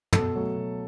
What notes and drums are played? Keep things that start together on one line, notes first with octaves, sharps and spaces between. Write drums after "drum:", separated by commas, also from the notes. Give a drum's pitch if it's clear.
B2 A4, drum: tom
F#3 A3
B2